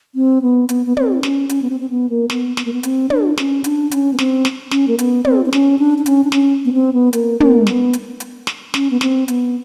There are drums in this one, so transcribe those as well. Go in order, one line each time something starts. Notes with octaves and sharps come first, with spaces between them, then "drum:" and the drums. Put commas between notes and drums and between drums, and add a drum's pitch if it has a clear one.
C4
B3
B3, drum: hi-hat
B3
C4, drum: tom
C#4, drum: snare
C#4, drum: hi-hat
B3
C4
C4
B3
A#3
B3, drum: snare
B3, drum: snare
A#3
B3
C4, drum: hi-hat
D4, drum: tom
C#4, drum: snare
D4, drum: hi-hat
C#4, drum: hi-hat
B3
C4, drum: snare
drum: snare
C#4, drum: snare
A#3
B3, drum: hi-hat
C4, drum: tom
C4
C#4, drum: snare
D4
D4
C#4, drum: hi-hat
D4
C#4, drum: snare
B3
C4
B3
A#3, drum: hi-hat
A#3, drum: tom
B3, drum: snare
drum: hi-hat
drum: hi-hat
drum: snare
C#4, drum: snare
B3
C4, drum: snare
B3, drum: hi-hat